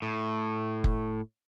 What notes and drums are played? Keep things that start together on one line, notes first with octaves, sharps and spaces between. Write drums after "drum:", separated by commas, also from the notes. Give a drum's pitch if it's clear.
A2
drum: kick